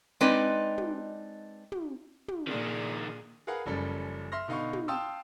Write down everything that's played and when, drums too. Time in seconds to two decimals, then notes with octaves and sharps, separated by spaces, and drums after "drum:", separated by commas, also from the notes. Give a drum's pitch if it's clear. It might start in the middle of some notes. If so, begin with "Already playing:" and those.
0.21 G#3 C4 D4 D#4 B4 D5
0.78 drum: tom
1.72 drum: tom
2.28 drum: tom
2.47 A#2 D#3 D4 G#4
3.47 G#4 A#4 B4 F5 F#5
3.66 F#1 F#2 F3 G3 C#4 A4
4.32 E5 C6 F6 A#6
4.48 B2 D3 D#4 F5 B5 C#6
4.73 drum: tom
4.88 F5 G5 A5 C6 D#6 E6